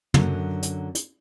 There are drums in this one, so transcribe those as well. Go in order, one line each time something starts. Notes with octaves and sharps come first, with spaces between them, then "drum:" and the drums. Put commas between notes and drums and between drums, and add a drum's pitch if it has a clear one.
F#2 D3 F#3, drum: tom
drum: hi-hat
drum: hi-hat